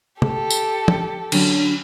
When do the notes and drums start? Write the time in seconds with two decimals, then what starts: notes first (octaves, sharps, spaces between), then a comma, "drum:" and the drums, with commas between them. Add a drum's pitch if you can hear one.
0.22 G4 A4, drum: tom C3
0.50 drum: tambourine
0.88 drum: tom F3
1.32 D3 F#3 C#4 D4, drum: cymbal